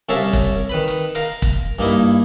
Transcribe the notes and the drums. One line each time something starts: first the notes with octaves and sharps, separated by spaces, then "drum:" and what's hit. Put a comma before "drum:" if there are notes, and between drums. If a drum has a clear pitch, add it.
C2 C#4 A4 A#4 E5 F5
drum: kick, hi-hat
D#3 B4 B5
drum: hi-hat
A#4 F5 A#5, drum: hi-hat
drum: kick, hi-hat
G2 A#3 D#4 E4